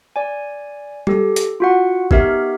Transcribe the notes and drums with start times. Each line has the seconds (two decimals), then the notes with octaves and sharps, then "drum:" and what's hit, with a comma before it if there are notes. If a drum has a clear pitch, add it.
0.16 D5 G#5
1.07 G4 A4, drum: tom G3
1.36 drum: hi-hat
1.60 F4 F#4 F#5
2.11 B3 D#4 G4 A#4 E5, drum: kick